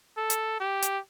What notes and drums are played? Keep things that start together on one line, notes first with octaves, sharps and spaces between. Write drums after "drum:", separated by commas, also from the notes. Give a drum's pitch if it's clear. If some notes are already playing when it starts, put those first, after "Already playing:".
A4
drum: hi-hat
G4
drum: hi-hat